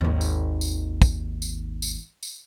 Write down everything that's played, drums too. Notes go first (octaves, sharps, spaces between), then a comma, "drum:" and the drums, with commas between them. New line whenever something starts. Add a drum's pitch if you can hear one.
G#1 D#2
drum: tambourine
drum: tambourine
drum: kick, tambourine
drum: tambourine
drum: tambourine
drum: tambourine